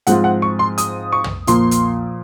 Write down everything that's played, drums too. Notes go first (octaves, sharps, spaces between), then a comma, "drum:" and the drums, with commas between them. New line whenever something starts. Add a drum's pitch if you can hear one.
G#2 F3 G#3 C4 F4 F#5, drum: hi-hat
F#5
C#6
C6
D#6, drum: hi-hat
C#6
drum: tom
A#2 F3 A#3 C6, drum: hi-hat
drum: hi-hat